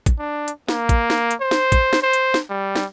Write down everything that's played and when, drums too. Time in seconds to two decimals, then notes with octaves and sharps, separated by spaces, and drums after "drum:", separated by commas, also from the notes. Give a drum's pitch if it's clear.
0.06 drum: kick, hi-hat
0.19 D4
0.48 drum: hi-hat
0.68 A#3, drum: snare
0.89 drum: kick, hi-hat
1.10 drum: snare
1.31 drum: hi-hat
1.41 C5
1.51 drum: snare
1.72 drum: kick, hi-hat
1.93 drum: snare
2.03 C5
2.13 drum: hi-hat
2.34 drum: snare
2.50 G3
2.76 drum: snare